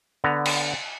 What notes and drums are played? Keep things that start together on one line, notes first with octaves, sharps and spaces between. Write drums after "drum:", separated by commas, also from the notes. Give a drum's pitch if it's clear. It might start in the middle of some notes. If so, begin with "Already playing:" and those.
D3 B3 A#5
drum: cymbal